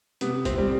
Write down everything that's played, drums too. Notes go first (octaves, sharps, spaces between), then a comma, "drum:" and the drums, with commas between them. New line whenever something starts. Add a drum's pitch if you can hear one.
C3 B3, drum: hi-hat
C4, drum: kick, hi-hat
G3